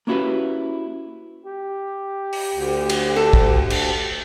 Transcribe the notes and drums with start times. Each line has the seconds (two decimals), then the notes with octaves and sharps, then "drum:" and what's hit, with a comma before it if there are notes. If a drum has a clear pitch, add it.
0.07 A#3 C#4 E4 F#4 G4 B4
1.46 G4
2.33 drum: open hi-hat
2.54 D2
2.89 drum: cymbal
3.16 A4
3.33 drum: kick
3.70 drum: cymbal